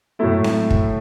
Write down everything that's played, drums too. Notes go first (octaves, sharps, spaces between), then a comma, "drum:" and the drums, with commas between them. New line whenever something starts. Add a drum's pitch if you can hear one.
A2 F#3 A3 E4
drum: snare C4
drum: kick